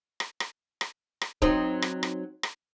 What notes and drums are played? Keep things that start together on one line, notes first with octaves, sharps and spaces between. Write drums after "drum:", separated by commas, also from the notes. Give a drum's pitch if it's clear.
drum: rim click
drum: rim click
drum: rim click
drum: rim click
F#3 C4 D#4, drum: kick D1
drum: rim click
drum: rim click
drum: rim click